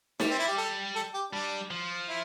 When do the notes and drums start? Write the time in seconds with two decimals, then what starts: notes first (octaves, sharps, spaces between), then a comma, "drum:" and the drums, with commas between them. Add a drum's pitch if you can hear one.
0.20 G3 A3, drum: snare D#4
0.30 C4
0.39 E4
0.48 G4
0.58 A4
0.95 A4
1.14 G4
1.33 G3 D4
1.71 F3
2.08 E4